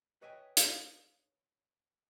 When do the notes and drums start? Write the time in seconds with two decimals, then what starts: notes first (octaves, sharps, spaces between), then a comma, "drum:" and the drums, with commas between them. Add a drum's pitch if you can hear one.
0.22 B4 C#5 D#5 E5 G5 G#5
0.57 drum: hi-hat